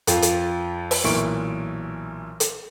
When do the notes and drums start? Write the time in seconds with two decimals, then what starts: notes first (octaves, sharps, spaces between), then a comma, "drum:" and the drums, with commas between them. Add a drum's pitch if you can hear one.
0.07 F2 F4, drum: hi-hat
0.22 drum: hi-hat
0.91 drum: open hi-hat
1.04 B1 A#2 E3 A#4 C#6 D7
2.40 drum: hi-hat